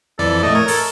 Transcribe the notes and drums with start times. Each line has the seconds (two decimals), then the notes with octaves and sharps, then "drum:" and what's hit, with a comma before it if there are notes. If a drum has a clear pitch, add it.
0.19 F2 E3 A4 D5
0.43 A2 A3 D#5
0.55 A#4 C#5
0.68 A4, drum: open hi-hat